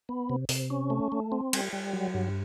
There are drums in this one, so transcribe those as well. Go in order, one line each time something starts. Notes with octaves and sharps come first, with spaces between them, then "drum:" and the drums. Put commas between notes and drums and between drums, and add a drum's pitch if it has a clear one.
B3
C3
C3, drum: open hi-hat
C#4
A3
A3
C4
G3, drum: cymbal
G3
F#3
G2